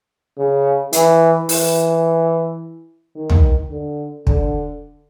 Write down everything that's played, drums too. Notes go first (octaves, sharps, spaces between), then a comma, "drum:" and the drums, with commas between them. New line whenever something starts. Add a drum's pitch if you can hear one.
C#3
E3, drum: hi-hat
E3, drum: open hi-hat
D#3
drum: tom
D3
D3, drum: kick